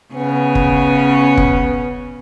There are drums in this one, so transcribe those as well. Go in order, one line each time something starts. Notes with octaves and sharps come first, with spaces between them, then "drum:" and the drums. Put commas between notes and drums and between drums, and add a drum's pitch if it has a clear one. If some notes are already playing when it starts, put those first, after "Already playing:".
C#3 B3 C#4
drum: kick F#1
drum: kick F#1